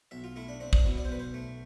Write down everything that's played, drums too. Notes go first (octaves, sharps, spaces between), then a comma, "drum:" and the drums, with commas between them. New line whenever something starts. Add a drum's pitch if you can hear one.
B1 E5
F4
A3 E4
D4
C4 D4
D4, drum: kick
B2 E4
D5
C5
B1 B4
C5
A3